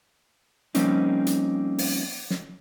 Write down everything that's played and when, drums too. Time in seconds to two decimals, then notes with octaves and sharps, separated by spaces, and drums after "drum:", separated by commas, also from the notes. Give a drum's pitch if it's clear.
0.75 F3 G3 A#3 C4 C#4 D#4, drum: hi-hat
1.27 drum: hi-hat
1.78 drum: open hi-hat
2.30 drum: snare